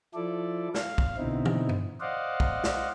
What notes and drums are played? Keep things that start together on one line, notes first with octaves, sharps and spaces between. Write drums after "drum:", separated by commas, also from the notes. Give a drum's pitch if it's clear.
F3 E4 A4 D5
F5, drum: snare
drum: kick
B2 D3 C4 D#4 E4
drum: tom
drum: tom G2
C5 D5 D#5 F5 F#5
drum: kick
drum: snare